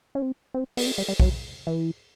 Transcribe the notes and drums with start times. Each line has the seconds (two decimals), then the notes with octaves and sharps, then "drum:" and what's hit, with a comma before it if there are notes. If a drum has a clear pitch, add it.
0.15 C#4
0.22 C4
0.54 C4
0.77 B3, drum: open hi-hat
0.87 C4
0.98 G3
1.08 G3
1.20 F#3, drum: kick
1.67 E3